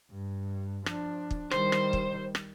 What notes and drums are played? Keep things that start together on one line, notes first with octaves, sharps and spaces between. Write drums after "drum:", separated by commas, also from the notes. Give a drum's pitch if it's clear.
G2
F3 D4, drum: rim click
drum: kick
D#3 G3 C5, drum: rim click
drum: rim click
drum: kick
drum: rim click